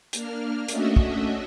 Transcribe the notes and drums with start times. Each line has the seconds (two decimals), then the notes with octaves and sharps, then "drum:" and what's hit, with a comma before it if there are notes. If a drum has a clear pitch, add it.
0.13 A#3 D4 F6, drum: hi-hat
0.68 A3 C#4 D4 F#4 D#5 E5, drum: hi-hat
0.96 drum: kick